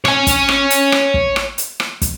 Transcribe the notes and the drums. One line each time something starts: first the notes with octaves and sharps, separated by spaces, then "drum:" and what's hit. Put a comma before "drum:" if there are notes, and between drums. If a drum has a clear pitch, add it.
C#5 G#5, drum: rim click
drum: kick, hi-hat
drum: rim click
drum: hi-hat
drum: rim click
drum: kick
drum: rim click
drum: hi-hat
drum: rim click
drum: kick, hi-hat